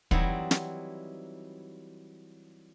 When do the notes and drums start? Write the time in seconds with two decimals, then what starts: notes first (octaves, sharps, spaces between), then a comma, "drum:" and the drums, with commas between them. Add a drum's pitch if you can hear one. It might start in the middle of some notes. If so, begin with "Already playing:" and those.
0.11 E3 F#3 G3 C4 D#4 E4, drum: kick
0.51 drum: snare